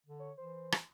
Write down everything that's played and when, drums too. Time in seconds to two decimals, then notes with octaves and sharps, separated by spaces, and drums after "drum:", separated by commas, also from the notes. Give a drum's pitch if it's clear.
0.06 D3
0.19 C#5
0.38 E3 C5
0.72 drum: rim click